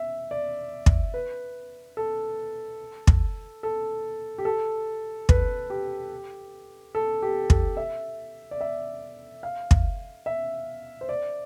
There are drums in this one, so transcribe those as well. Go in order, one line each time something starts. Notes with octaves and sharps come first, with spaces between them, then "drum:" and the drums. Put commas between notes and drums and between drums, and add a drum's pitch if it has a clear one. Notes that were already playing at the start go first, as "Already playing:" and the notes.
Already playing: E5
D5
drum: kick
B4
A4
drum: kick
A4
G4
A4
B4, drum: kick
G4
A4
G4
A4, drum: kick
E5
D5
E5
F5
drum: kick
E5
C5
D5